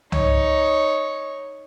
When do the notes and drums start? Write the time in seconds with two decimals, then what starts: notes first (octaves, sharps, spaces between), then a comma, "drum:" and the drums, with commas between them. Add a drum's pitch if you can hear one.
0.12 D#4 C#5, drum: tom C2